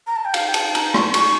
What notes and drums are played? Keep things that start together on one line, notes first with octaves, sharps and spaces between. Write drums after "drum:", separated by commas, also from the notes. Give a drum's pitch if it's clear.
A#5
A5
G5
F5, drum: cymbal
G5
A5, drum: cymbal
A#5, drum: cymbal
C#6, drum: rim click
C#6, drum: cymbal